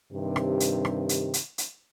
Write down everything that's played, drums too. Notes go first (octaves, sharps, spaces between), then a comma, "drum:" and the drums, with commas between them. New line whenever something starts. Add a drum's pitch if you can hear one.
G2 C3 D#3
drum: rim click
drum: hi-hat
drum: rim click
drum: hi-hat
drum: hi-hat
drum: hi-hat